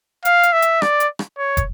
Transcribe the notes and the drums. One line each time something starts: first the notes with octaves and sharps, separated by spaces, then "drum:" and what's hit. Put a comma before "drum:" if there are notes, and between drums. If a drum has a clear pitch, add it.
F5, drum: hi-hat
drum: hi-hat
E5
drum: hi-hat
D5, drum: rim click
drum: hi-hat
drum: rim click
C#5
drum: kick, hi-hat